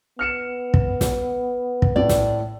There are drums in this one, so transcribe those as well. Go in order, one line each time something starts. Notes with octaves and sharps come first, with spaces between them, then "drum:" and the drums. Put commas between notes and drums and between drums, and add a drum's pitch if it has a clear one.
B3 F6 C#7 E7
drum: kick
drum: snare
drum: kick
A2 D5
drum: snare